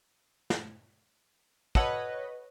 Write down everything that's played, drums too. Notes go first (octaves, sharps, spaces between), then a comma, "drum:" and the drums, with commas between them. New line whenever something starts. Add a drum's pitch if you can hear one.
drum: snare
F#4 A4 B4 C#5 D#5 F#5, drum: kick